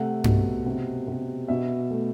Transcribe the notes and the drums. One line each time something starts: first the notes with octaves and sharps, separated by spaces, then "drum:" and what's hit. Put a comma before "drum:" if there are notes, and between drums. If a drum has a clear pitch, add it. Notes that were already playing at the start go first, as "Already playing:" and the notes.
Already playing: C3 A3 F#5
B2, drum: tom G2
C3
C3
B2 E5
A3